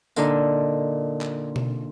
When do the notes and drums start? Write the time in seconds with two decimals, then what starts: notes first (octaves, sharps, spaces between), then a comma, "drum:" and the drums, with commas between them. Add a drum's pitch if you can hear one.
0.16 A#2 D3 D4 D#4, drum: tambourine
1.21 drum: clap
1.56 drum: tom B2